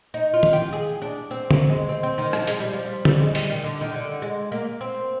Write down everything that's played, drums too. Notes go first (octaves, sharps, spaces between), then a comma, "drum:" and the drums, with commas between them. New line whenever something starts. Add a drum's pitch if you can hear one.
D#4
F4
drum: tom D#3
G4
G#4
D4
C4
A#3, drum: tom D3
G#3
C4
C4
D#3
F3, drum: rim click
G#3, drum: hi-hat
G3
F3
G3
G3, drum: tom D3
G#3
G3, drum: open hi-hat
D#3
D3
D#3
D3
G#3
A#3
C4